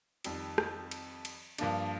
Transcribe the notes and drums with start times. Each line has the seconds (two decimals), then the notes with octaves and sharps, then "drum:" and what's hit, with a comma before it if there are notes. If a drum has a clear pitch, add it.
0.24 F2 D#3 G3, drum: cymbal
0.58 drum: rim click
0.91 drum: cymbal
1.25 drum: cymbal
1.58 G2 F3 A#3 D4, drum: cymbal